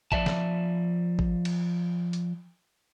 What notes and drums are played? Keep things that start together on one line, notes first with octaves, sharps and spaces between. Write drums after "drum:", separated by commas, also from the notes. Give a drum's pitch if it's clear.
F3 D5 E5 A5, drum: kick G#1
drum: snare
drum: kick G#1
drum: cymbal
drum: hi-hat